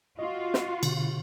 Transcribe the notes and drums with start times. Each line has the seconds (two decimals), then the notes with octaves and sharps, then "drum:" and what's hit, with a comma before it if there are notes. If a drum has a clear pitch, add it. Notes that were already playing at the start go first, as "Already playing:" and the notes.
0.19 F4 F#4 D#5
0.54 drum: snare
0.83 B2 D3, drum: cymbal